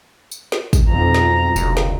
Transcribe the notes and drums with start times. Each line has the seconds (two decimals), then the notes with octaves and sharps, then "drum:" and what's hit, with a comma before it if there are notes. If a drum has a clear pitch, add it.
0.31 drum: tambourine
0.52 drum: snare
0.73 drum: kick, tambourine
0.89 B1 F2 A#5
1.14 drum: snare
1.56 F1 D2, drum: tambourine
1.77 drum: snare